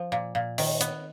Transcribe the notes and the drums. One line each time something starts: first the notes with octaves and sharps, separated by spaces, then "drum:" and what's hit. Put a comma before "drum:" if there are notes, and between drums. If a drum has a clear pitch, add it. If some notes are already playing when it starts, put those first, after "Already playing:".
Already playing: F3
A#2
A#2
D#3, drum: open hi-hat
B3, drum: hi-hat